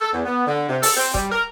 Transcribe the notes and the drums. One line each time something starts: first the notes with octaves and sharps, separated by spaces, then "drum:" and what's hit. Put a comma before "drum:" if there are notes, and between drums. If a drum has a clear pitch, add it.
A4
E2
B3
D3
C3
A4, drum: open hi-hat
C4
G3, drum: kick
A#4